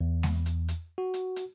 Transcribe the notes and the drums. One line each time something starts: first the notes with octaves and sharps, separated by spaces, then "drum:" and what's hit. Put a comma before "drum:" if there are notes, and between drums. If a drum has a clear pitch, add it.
E2
drum: snare G#3
drum: hi-hat
drum: hi-hat
F#4
drum: hi-hat
drum: hi-hat